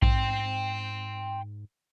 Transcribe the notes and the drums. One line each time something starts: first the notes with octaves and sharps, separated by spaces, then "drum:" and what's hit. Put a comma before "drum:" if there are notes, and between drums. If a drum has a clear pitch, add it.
G#2 G5 C6, drum: kick A#1